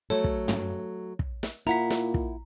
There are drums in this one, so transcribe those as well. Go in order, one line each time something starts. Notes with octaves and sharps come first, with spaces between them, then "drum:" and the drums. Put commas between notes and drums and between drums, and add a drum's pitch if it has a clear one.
F#3 A3 A4 C#5
drum: kick
drum: tom
drum: kick
drum: snare
A#2 E4 F#5 A#5 B6
drum: snare
drum: kick